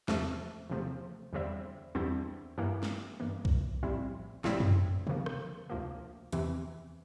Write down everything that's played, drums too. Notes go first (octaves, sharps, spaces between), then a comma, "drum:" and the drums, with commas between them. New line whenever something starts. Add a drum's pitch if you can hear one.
E2 C3 F3 A3, drum: snare
E2 C3 F3 A3
E2 D3 G3 C4 E4
E2 D3 G3 C4 E4
G2 E3 A#3
drum: snare
G2 E3 A#3
drum: kick B1
A#1 A2 G3 C4 E4
A#1 A2 G3 C4 E4, drum: snare
drum: tom F#2
D2 C3 F3 A#3, drum: tom C3
drum: rim click
D2 C3 F3 A#3
E2 C3 E3, drum: hi-hat